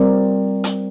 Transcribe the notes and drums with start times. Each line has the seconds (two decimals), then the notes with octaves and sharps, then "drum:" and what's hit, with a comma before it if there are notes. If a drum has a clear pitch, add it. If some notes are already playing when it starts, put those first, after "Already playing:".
Already playing: G3 C4 F4 A#4 D5
0.64 drum: hi-hat